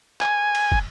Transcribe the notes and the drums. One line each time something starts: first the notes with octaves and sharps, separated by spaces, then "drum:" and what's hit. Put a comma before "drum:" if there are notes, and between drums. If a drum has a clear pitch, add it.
G#5, drum: clap
drum: cymbal
drum: kick